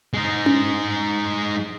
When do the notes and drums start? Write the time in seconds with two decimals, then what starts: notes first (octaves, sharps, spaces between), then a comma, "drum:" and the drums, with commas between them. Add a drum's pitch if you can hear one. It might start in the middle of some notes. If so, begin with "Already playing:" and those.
0.14 G#3 D#4
0.46 drum: tom C#4